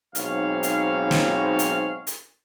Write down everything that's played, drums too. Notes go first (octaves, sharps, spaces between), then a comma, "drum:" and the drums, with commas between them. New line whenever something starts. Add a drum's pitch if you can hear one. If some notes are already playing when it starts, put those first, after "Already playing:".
B1 G#2 C4 C#5 F5, drum: hi-hat
drum: hi-hat
drum: snare
drum: hi-hat
drum: hi-hat